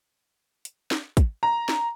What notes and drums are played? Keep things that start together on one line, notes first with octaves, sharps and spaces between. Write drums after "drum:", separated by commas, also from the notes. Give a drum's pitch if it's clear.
drum: hi-hat
drum: snare
drum: kick, hi-hat
A#5
drum: snare